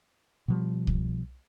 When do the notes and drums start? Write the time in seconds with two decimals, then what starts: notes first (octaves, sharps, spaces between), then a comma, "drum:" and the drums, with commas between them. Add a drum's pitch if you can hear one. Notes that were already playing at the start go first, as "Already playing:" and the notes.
0.48 B2 F3 G3
0.87 drum: kick C2